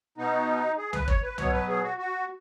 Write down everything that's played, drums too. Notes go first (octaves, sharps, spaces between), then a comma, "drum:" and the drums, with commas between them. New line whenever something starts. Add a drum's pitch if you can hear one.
B2 B3 D#4
G#4
B4, drum: tom C2
C#5, drum: kick
B4
B2 F#3 B3 C#5, drum: tom C2
B4
G#4
F#4
F#4